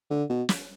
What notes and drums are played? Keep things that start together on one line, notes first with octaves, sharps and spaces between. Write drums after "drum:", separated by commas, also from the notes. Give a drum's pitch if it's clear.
D3
B2
drum: snare